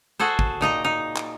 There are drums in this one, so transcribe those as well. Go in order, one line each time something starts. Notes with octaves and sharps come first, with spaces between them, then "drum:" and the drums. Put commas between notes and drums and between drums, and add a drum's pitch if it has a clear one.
F#4 G#4 A4 C5
drum: kick
A#2 D#4 D#5 A#5
D#4
drum: clap